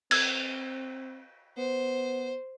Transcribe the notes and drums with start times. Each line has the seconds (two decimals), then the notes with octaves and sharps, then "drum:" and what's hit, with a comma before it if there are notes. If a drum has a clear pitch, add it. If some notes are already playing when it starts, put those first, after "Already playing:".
0.11 C4 E6 G#6, drum: cymbal
1.57 B3 C5